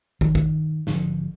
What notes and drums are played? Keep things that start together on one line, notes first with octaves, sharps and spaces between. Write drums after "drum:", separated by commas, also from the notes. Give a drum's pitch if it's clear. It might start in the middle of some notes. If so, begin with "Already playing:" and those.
D#3, drum: kick
drum: kick
G#1 D3 D#3 F3, drum: snare